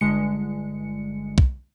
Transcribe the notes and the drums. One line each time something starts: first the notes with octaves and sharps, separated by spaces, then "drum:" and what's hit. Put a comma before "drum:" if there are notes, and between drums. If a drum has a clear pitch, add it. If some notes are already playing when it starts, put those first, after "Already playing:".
G1 D3 G#3 C#7
drum: kick